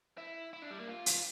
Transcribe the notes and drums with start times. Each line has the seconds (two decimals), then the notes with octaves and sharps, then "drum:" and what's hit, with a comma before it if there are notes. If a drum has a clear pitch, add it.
0.18 E4
0.53 E4
0.62 D4
0.71 G3
0.80 A#3
0.88 F4
1.06 drum: hi-hat